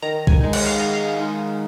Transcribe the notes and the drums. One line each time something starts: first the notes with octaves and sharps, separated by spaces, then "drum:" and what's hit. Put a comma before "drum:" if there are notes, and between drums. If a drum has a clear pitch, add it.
D#3 A#5
G#5, drum: kick
G#3 D#4
F#5, drum: cymbal
F5
D#3 D#5
F5
G#3 D#4